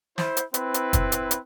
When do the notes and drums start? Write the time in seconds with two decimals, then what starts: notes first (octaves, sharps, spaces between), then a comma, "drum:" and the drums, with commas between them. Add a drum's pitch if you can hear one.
0.18 E4 C5, drum: snare
0.37 drum: hi-hat
0.54 C4 E4 B4, drum: hi-hat
0.74 drum: hi-hat
0.93 drum: kick, hi-hat
1.12 drum: hi-hat
1.31 drum: hi-hat